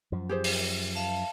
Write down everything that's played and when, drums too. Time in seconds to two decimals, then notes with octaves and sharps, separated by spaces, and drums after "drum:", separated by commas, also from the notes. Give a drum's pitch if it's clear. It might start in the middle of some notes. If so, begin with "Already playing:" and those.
0.12 F#2 F3
0.29 G4 G#4 C5
0.44 drum: open hi-hat
0.95 E5 F5 A5